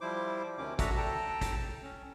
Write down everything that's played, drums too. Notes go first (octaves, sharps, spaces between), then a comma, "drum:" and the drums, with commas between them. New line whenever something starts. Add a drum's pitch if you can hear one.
F3 G3 E4 C5 D6
D2 C3 D#3 C#4 D6
D4 F#4 A4 E5 F#5 A#5, drum: kick, hi-hat
A4 G5 A5 A#5
drum: kick, hi-hat
C#4